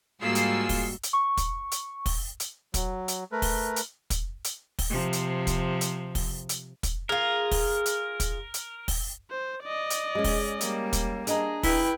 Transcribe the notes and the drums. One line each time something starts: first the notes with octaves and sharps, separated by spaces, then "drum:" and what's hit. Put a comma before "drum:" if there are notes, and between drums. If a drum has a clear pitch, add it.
G#2 G3 A#3 F4 F#4 G#4 E6 C7
drum: hi-hat
drum: kick, open hi-hat
drum: hi-hat
C#6
drum: kick, hi-hat
drum: hi-hat
drum: kick, open hi-hat
drum: hi-hat
F#3, drum: kick, hi-hat
drum: hi-hat
A3 A#4 B4
drum: kick, open hi-hat
drum: hi-hat
drum: kick, hi-hat
drum: hi-hat
drum: kick, open hi-hat
C3 F3
drum: hi-hat
drum: kick, hi-hat
drum: hi-hat
drum: kick, open hi-hat
drum: hi-hat
drum: kick, hi-hat
F4 G#4 A#4
drum: kick, open hi-hat
drum: hi-hat
drum: kick, hi-hat
drum: hi-hat
drum: kick, open hi-hat
C5
D5 D#5
drum: hi-hat
G#3 C#4
drum: kick, open hi-hat
G3 A#3, drum: hi-hat
drum: kick, hi-hat
D4 G#4 D#5 A#5, drum: hi-hat
E4 B4 G5, drum: kick, open hi-hat